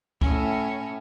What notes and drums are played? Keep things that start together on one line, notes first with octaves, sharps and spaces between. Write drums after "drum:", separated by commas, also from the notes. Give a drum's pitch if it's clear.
A2 C#4, drum: kick C#2